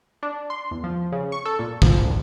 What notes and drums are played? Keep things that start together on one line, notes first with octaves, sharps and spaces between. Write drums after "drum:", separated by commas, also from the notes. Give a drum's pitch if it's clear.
D4
C6
E2
F3
C#3
C#6
A4
A#2
F3, drum: kick
D2